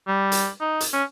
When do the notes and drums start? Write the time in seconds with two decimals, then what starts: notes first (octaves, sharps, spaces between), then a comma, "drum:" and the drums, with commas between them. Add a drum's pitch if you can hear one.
0.07 G3
0.32 drum: hi-hat
0.61 D#4
0.80 drum: hi-hat
0.93 C#4